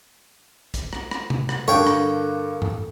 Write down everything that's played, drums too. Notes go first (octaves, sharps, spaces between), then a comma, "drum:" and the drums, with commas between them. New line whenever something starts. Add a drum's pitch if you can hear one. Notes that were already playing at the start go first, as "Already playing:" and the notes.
drum: kick, hi-hat
drum: rim click
drum: rim click
drum: tom C3
drum: rim click
G2 D3 A4 A#4 C#5 F5 G5
drum: rim click
drum: tom G2